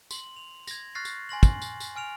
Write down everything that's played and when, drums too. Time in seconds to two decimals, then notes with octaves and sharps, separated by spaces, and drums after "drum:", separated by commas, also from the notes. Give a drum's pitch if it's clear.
0.11 C6 F#7, drum: tambourine
0.37 F7
0.67 G#6 A#6, drum: tambourine
0.95 C#6 F6 F#6 A6 A#6 C7
1.05 drum: tambourine
1.29 G#5 C6 A#6 F#7
1.43 drum: kick, tambourine
1.62 drum: tambourine
1.80 drum: tambourine
1.96 G#5 F6 D7 F7